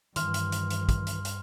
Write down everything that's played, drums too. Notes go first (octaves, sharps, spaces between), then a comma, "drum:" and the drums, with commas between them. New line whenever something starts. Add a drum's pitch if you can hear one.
G2 D#3 E3 C6 F6, drum: hi-hat
drum: hi-hat
drum: hi-hat
drum: hi-hat
drum: kick, hi-hat
drum: hi-hat
drum: hi-hat